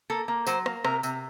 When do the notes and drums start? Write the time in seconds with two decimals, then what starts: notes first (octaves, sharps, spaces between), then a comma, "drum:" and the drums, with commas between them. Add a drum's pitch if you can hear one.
0.10 A#3 A4
0.28 A#3
0.47 F#3 C5, drum: tambourine
0.66 A#3, drum: rim click
0.85 C3 A#4, drum: rim click
1.03 C3, drum: tambourine